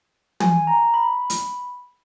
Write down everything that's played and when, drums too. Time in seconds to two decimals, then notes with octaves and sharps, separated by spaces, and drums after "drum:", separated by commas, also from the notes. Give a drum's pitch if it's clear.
0.40 G#5, drum: tom
0.67 A#5
0.94 B5
1.30 drum: hi-hat